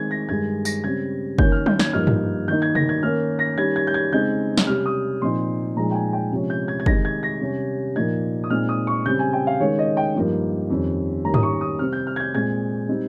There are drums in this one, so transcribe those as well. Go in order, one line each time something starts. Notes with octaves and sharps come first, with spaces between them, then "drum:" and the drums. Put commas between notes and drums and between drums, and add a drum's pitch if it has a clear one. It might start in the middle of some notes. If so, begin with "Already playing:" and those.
Already playing: D#3 G#3 C4 D#4 G#6
A#6
G2 D#3 G#3 G#6
A#6, drum: tambourine
C#3 G3 C4 G#6
D#3 A#3 C#4 G6, drum: kick
F6
G6, drum: tom F#3
G#6, drum: snare
G2 F3 A#3 D#4 F6
drum: tom G#2
D#3 A#3 D#4 G6
G#6
A#6, drum: tom C3
G#6
D#3 A#3 C#4 F6
A#6
D#3 G3 C#4 G#6
G#6
G6
G#6
C#3 G#3 C4 D#4 G6
drum: snare
C3 G3 C#4 F6
D#6
A#2 F3 C4 D#4 C6
A#2 F3 G#3 D#4 A#5
G5
G#5
G5
C3 F3 G#3 C#4
G6
G#6
G#6
C3 D#3 G#3 D#4 A#6, drum: kick
G#6
A#6
C3 G3 C#4
A#2 F3 A#3 D#4 G#6
D#6
A#2 G#3 C4 D#4 F6
D#6
C#6
C#3 G3 C4 G6
G#5
G5
F5
D#3 G#3 C#4 C#5
D#5
G5
G2 F3 A#3 D#4
F2 D#3 G3 C#4
D#3 G3 A#3 C#4 A#5
D#6, drum: tom G#2
C#6
D#6
C3 G3 C4 F6
G6
F6
G#6
G6
A#2 G#3 C4 G#6
G3 C4 D#4